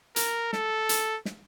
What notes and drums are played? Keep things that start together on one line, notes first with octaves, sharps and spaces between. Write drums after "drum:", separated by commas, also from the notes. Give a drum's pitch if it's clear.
A#4, drum: hi-hat
A4, drum: snare
drum: hi-hat
drum: snare